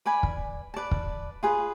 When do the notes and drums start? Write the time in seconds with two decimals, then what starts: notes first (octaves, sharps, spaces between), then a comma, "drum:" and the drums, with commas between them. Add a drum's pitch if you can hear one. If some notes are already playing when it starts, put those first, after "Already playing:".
0.06 B4 D5 G#5 B5
0.23 drum: kick
0.74 B4 D5 A5
0.91 drum: kick
1.43 F4 G#4 B4